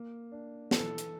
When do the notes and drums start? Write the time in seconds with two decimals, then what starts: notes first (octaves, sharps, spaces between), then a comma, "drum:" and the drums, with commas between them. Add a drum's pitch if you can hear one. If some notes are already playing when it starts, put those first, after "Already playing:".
Already playing: A#3
0.32 D4
0.71 E3 A4, drum: snare
0.98 drum: hi-hat